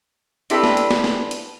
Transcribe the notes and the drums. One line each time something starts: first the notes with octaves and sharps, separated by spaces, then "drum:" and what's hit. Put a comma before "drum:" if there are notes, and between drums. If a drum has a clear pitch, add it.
C4 D4 E4 G4 A4 B4, drum: hi-hat
drum: snare
drum: hi-hat
drum: snare
drum: snare
drum: hi-hat